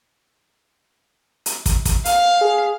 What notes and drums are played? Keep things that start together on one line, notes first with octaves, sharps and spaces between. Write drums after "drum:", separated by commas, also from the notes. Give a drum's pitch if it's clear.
drum: hi-hat
drum: kick, hi-hat
drum: kick, hi-hat
F5, drum: hi-hat
G#4